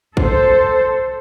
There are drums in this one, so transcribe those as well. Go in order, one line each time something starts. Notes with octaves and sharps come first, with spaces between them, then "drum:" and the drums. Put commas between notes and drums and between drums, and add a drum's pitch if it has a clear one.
A4 C5, drum: kick